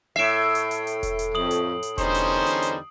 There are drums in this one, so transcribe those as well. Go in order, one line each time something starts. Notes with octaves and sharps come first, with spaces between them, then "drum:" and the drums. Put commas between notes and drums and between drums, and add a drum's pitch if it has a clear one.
A2 E5 C7 D7
drum: hi-hat
drum: hi-hat
drum: hi-hat
drum: kick E1, hi-hat
drum: hi-hat
F2 D#6 F#7
drum: hi-hat
drum: hi-hat
E2 D3 G3 C#4 D#4 C5, drum: kick E1, hi-hat
drum: hi-hat
drum: hi-hat
drum: hi-hat